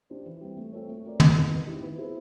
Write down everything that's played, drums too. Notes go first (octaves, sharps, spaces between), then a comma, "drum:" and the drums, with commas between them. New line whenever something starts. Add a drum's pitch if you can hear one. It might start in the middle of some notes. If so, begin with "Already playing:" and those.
D4 G4 C5
E3
G3 C4
A3
C4 F4 A4 C#5
A3
C4 F4 A#4 D5
D#3, drum: tom
G#3 B3 D#4
D#3
G#3 C4 E4 G4
B3
E4 G#4 C5